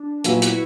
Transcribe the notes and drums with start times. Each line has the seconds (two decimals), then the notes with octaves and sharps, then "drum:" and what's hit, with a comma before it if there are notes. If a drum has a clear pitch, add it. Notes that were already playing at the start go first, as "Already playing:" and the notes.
Already playing: D4
0.24 A#2 F#3 B3 E4, drum: hi-hat
0.42 F#4, drum: hi-hat